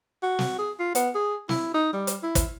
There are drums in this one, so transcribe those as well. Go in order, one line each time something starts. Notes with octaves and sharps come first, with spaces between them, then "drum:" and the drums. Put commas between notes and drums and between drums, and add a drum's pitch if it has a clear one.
F#4
drum: snare
G#4
F4
B3, drum: hi-hat
G#4
E4, drum: snare
D#4
G3
drum: hi-hat
E4
drum: kick, hi-hat